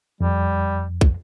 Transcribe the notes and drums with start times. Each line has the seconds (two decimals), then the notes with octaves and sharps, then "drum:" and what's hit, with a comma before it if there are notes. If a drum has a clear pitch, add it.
0.20 F2 G3
1.01 drum: kick